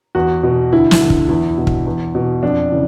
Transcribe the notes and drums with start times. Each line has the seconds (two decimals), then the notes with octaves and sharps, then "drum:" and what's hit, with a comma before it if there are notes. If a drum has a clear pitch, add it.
0.15 E2 F#4
0.43 B2
0.72 D2 E4
0.91 drum: snare
1.01 D3
1.10 drum: kick
1.29 E2 E4
1.57 B2
1.67 drum: kick
1.86 E2
2.15 B2
2.43 F2 D4
2.72 C#3 E3